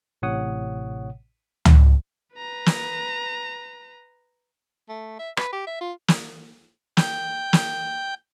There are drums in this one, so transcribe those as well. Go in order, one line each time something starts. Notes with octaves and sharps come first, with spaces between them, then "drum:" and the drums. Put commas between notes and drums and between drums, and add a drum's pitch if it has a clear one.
A1 A2 C3 C#5 F#5 D#6
drum: tom C#2
B4 A#5
drum: snare
A3
E5
B4, drum: rim click
G4
E5
F4
drum: snare
G5, drum: snare
drum: snare